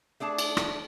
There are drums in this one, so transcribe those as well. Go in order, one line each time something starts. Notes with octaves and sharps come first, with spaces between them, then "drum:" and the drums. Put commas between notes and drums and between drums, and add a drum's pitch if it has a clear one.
A3 D4 G#4 A5
drum: cymbal
drum: rim click